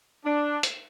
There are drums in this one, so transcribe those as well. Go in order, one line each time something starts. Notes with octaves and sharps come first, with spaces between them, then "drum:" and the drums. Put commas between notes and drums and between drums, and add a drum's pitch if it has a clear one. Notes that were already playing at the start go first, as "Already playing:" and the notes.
D4
drum: hi-hat